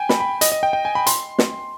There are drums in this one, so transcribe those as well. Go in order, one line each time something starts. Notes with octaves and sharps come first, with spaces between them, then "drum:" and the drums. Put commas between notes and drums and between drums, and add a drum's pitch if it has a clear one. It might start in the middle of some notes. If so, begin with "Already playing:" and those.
Already playing: G5 G#5
B5, drum: snare
B5
D#5, drum: hi-hat
D#5
G5
G5
G#5
B5
C6, drum: hi-hat
drum: snare